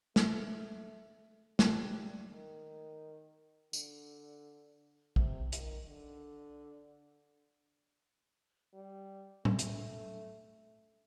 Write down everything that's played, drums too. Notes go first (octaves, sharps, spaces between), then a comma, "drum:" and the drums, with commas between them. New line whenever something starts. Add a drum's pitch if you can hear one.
A3, drum: snare
G3, drum: snare
D#3
D3, drum: tambourine
C3, drum: kick
D#3, drum: hi-hat
D3
G3
A3, drum: tom
drum: hi-hat